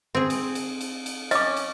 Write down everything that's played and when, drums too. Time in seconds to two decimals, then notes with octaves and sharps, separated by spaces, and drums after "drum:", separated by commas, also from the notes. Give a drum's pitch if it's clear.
0.15 C4 G#4
0.30 drum: cymbal
0.55 drum: cymbal
0.81 drum: cymbal
1.06 drum: cymbal
1.31 C#4 D#5 D6, drum: cymbal
1.57 drum: cymbal